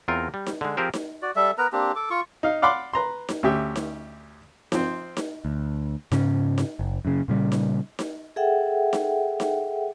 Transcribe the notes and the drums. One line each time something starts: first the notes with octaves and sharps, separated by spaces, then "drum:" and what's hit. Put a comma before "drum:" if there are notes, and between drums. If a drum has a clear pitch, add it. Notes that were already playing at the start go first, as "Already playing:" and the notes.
E2 C4 F4 A#4 A#5
G3
drum: snare D#4
D3 G#3
F3 C4 G4 G#4 A#4 C5
drum: snare D#4
F#4 D5
G3 A4 E5
B3 A#4 B4 A#5
A#3 C4 D4 G4
A4 D6
F4 C#6
D#4 F5
D5 F5 F#5 B5 C6 D6
B4 A#5 C6
drum: snare D#4
D2 C#4 G4 E5
drum: snare D#4
F3 C4, drum: snare D#4
drum: snare D#4
D2
G#2 C#3 C#4, drum: snare D#4
drum: snare D#4
F#1
F#2 C#3
A#2 C#3 G3
drum: snare D#4
drum: snare D#4
G#4 A4 E5 F#5 G5
drum: snare D#4
drum: snare D#4